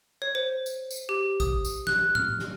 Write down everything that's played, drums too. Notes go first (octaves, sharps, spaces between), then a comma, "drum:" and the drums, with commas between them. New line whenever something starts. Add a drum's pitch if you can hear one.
C#5
C5
drum: tambourine
drum: tambourine
G4
D#6, drum: kick G#1, tambourine
drum: tambourine
F#6, drum: snare
F6, drum: tom A2
drum: snare